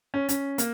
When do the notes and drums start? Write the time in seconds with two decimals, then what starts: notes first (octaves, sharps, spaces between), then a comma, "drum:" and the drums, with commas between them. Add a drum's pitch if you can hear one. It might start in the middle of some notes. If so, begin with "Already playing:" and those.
0.14 C#4
0.29 C#4, drum: hi-hat
0.58 A#3, drum: hi-hat